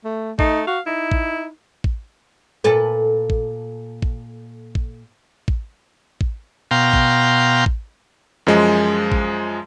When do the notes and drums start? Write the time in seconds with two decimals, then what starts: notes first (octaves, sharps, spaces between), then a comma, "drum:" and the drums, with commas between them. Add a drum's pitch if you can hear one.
0.04 A3
0.39 A3 D#4, drum: kick A1
0.67 F#4 F5
0.86 D#4 E4
1.11 drum: kick A1
1.84 drum: kick A1
2.64 A#2 A4 B4
3.30 drum: kick A1
4.02 drum: kick A1
4.75 drum: kick A1
5.48 drum: kick A1
6.21 drum: kick A1
6.71 B2 F5 G5 A#5 C6
6.93 drum: kick A1
7.66 drum: kick A1
8.47 F#2 F3 G#3
9.12 drum: kick A1